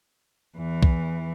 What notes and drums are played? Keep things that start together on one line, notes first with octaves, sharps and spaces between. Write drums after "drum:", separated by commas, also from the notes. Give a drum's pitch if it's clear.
E2 E3
drum: kick B1